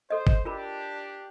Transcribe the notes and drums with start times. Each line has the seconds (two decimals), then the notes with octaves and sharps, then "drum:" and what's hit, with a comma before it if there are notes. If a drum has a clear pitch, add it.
0.10 A4 C5 D#5
0.27 drum: kick
0.45 D4 F4 G4 A#4 B5